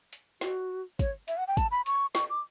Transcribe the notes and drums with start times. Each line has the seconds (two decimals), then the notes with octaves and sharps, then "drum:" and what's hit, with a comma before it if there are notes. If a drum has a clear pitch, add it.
0.13 drum: hi-hat
0.41 F#4, drum: snare
0.99 C#5, drum: kick, hi-hat
1.28 E5, drum: hi-hat
1.37 F#5
1.48 G5
1.57 A5, drum: kick, hi-hat
1.71 B5
1.86 C#6, drum: hi-hat
2.15 C#6, drum: snare
2.30 D6